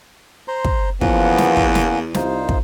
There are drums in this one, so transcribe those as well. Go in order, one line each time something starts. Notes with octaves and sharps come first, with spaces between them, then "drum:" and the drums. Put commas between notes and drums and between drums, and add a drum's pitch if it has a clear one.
C5 A#5 C6
drum: kick
E2 F3 A#3 B3 C#4 F#5, drum: kick
drum: snare
drum: kick
drum: snare
C2 D#4 F4 C5, drum: snare
drum: kick